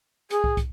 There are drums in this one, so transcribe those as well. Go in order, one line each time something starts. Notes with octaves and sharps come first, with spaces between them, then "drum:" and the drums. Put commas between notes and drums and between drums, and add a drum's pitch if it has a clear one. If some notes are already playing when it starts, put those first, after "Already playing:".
G#4, drum: hi-hat
drum: kick
drum: kick, hi-hat